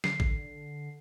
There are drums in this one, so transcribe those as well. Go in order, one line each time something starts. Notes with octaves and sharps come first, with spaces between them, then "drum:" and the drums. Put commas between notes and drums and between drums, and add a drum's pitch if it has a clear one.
D3 C7, drum: snare
drum: kick